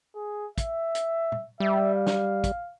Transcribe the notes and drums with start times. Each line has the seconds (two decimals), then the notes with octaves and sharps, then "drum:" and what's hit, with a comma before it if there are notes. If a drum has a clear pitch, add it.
0.15 G#4
0.58 E5, drum: kick, hi-hat
0.95 drum: hi-hat
1.32 drum: tom A#2
1.60 G3 E5
1.94 F5
2.07 drum: snare
2.44 drum: kick, hi-hat